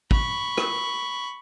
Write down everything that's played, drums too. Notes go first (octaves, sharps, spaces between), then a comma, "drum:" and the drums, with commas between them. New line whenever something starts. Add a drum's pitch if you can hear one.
B5 C#6, drum: kick
drum: rim click